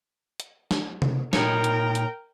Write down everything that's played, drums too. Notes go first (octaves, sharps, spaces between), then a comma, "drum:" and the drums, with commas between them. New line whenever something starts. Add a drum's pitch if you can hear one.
drum: hi-hat
drum: snare
drum: tom C3
A#2 D#4 A#4 C#5 G5, drum: snare
drum: hi-hat
drum: hi-hat